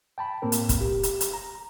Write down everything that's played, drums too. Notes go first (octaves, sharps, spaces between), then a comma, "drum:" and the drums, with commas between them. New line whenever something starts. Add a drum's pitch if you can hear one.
G5 A5 B5
A2 A#3 C4 A#4
drum: hi-hat
drum: kick, hi-hat
G4
drum: hi-hat
drum: hi-hat
A#5